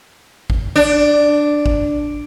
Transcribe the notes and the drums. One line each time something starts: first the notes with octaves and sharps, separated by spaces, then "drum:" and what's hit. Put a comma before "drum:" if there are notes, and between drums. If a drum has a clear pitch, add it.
drum: kick G#1
D4
drum: kick G#1